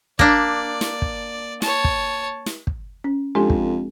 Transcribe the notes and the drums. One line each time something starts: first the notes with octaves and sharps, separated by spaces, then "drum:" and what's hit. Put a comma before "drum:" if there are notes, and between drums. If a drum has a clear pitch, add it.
A#3 D4 D5, drum: kick
drum: snare
drum: kick
C#5 A5, drum: snare
drum: kick
drum: snare
drum: kick
C#4
F2 G#3 C4 D4 G4 A4
drum: kick